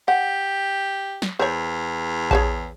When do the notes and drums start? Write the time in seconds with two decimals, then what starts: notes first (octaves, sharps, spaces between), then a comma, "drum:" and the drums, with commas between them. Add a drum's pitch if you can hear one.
0.08 G4 F#5
1.22 drum: snare
1.39 E2 C5 C#5
2.31 G#4 C#5 A5, drum: kick A#1